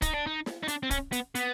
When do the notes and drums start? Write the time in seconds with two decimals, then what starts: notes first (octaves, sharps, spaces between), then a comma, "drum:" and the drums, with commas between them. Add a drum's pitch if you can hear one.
0.02 D#4, drum: kick, hi-hat
0.14 D4
0.27 D#4
0.46 drum: snare
0.63 D#4
0.68 D4, drum: hi-hat
0.83 C4
0.91 C#4, drum: kick, hi-hat
1.12 B3, drum: hi-hat
1.35 B3, drum: hi-hat